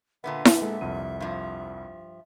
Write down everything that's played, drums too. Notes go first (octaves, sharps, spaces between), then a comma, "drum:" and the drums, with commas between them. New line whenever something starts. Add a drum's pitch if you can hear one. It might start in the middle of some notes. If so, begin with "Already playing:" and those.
A#2 D3 B3 E5
drum: snare E4
G#3 A#3 A4
C2 F2 D#7
G2 F3